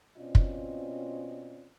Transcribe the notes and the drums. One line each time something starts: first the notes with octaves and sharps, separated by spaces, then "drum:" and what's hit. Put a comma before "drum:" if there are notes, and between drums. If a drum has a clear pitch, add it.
B2 C4 C#4 F4 D5 D#5
drum: kick